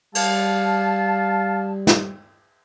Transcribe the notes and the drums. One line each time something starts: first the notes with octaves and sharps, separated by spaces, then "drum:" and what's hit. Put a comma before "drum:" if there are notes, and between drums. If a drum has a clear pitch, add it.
G3 F5 A5, drum: cymbal
drum: snare